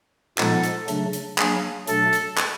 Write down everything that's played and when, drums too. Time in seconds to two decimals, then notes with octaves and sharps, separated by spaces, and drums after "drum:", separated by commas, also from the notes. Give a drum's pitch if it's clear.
0.38 A#2 F3 G#3 B3 D#4 A4, drum: clap
0.63 drum: hi-hat
0.88 C#3 F#3 A3 D4, drum: hi-hat
1.13 drum: hi-hat
1.38 F#3 A#3 D4 G#4, drum: clap
1.87 B2 F#3 A3 D4 A4, drum: hi-hat
2.13 drum: hi-hat
2.38 drum: clap